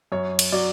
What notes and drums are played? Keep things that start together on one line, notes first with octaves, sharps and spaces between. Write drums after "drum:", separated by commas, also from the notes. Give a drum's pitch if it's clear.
F#2 C#5
drum: cymbal
F#3 D5